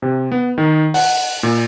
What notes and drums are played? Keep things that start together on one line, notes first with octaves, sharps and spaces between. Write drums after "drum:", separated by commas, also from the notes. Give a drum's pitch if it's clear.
C3
B3
D#3
F#5, drum: open hi-hat
A#2